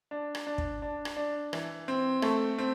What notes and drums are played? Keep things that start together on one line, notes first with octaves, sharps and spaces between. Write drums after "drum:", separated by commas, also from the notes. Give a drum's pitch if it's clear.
D4
drum: rim click
D4
drum: kick
D4
drum: rim click
D4
E3, drum: rim click
C4
A3, drum: rim click
C4